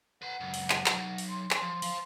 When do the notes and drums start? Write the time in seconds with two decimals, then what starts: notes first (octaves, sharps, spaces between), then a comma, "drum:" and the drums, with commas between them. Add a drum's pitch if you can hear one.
0.22 B4 F#5 C6
0.40 C#2 F#2
0.54 drum: open hi-hat
0.70 drum: clap
0.86 F#3 D#4, drum: clap
1.18 drum: open hi-hat
1.29 C6
1.51 drum: clap
1.62 F3
1.82 C5 F5, drum: open hi-hat